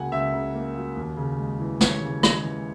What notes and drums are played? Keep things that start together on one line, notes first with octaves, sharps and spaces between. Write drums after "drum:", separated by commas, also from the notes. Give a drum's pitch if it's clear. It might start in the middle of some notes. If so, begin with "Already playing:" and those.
Already playing: C#2 C#3 F#3 A#3 F#5 G#5
C#2 E5
C#3
A#3
F#3
D#2
C#3
G#3
E3
D#2 C#5, drum: snare
C#3
G#3, drum: rim click
E3